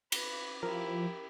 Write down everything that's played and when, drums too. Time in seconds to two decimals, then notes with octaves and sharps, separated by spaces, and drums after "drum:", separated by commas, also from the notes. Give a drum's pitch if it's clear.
0.12 B4, drum: cymbal
0.63 F3 E4 G4 A#4